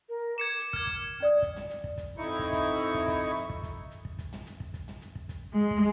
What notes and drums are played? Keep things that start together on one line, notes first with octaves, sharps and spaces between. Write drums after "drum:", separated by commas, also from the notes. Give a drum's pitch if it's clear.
A#4
D6 G#6 C#7 E7
drum: hi-hat
F6 G#6, drum: kick
drum: kick, hi-hat
C#4 D5 D#6
drum: kick, hi-hat
drum: tom
drum: hi-hat
drum: kick
drum: kick, hi-hat
F2 D#4 E4 C#6
drum: kick
drum: kick, hi-hat
drum: hi-hat
drum: kick
drum: kick, hi-hat
drum: hi-hat
drum: kick
drum: kick, hi-hat
drum: hi-hat
drum: kick
drum: kick, hi-hat
drum: tom
drum: hi-hat
drum: kick
drum: kick, hi-hat
drum: tom
drum: hi-hat
drum: kick
drum: kick, hi-hat
G#3
drum: kick